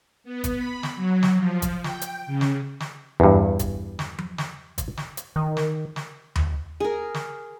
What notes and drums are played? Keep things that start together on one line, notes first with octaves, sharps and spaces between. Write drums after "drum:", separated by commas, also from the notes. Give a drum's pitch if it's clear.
B3
drum: kick, hi-hat
B5
drum: snare
F#3
drum: snare
F3
drum: kick, hi-hat
G5, drum: snare
drum: hi-hat
C#3
drum: snare
drum: snare
E2 G2
drum: kick, hi-hat
drum: snare
drum: tom F3
drum: snare
drum: kick, hi-hat
drum: snare
drum: hi-hat
D#3
drum: snare
drum: snare
drum: tom D#2
G#4 A#4
drum: snare